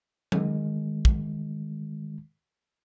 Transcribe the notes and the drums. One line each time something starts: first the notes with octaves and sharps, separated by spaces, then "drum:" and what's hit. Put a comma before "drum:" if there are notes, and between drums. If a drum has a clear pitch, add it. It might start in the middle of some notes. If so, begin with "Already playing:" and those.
D#3 G#3, drum: tom F#3
drum: kick